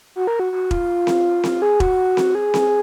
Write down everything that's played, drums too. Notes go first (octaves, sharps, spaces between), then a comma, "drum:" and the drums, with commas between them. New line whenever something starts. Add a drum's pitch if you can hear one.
F#4
A#4
F#4
F#4
F4, drum: kick E1
drum: snare C4
drum: snare C4
G#4
F#4, drum: kick E1
drum: snare C4
G#4
drum: snare C4